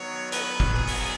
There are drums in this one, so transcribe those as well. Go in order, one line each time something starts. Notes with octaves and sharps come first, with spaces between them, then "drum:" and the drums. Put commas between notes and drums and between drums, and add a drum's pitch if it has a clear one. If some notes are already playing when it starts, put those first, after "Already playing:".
Already playing: D#3 F#3 B3 C#5
B4, drum: hi-hat
drum: kick
G#4
drum: open hi-hat